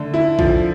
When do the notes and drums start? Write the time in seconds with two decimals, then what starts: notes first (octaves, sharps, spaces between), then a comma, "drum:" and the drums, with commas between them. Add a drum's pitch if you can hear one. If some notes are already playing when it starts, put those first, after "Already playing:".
Already playing: D3 A3
0.14 E4
0.39 F3, drum: kick A#1